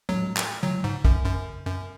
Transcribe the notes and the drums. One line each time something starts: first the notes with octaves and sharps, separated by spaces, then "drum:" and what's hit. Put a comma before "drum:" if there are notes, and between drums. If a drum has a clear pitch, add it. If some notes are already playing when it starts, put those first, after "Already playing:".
F#3, drum: tom
drum: clap
F#3, drum: tom C#3
G#2
F#2, drum: kick
F#2
F#2